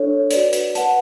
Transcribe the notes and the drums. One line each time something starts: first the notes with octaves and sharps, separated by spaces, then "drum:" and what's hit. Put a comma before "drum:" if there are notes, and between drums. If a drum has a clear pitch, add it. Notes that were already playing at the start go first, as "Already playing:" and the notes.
Already playing: D4 A4 C#5
F#4 B4 D5, drum: hi-hat
drum: hi-hat
B4 F#5 A5, drum: hi-hat